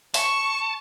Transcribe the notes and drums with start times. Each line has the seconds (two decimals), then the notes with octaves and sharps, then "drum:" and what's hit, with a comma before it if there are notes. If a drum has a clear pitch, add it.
0.14 A5 C#6, drum: open hi-hat